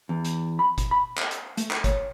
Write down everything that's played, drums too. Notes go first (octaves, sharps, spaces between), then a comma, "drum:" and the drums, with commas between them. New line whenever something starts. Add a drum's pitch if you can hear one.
E2
drum: hi-hat
B5
drum: kick, hi-hat
B5
drum: clap
drum: hi-hat
A3, drum: hi-hat
drum: clap
C#5, drum: kick, hi-hat